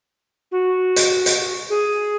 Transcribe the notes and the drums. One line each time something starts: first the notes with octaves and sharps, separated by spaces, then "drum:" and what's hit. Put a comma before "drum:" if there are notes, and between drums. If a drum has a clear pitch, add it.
F#4
drum: hi-hat
drum: hi-hat
G#4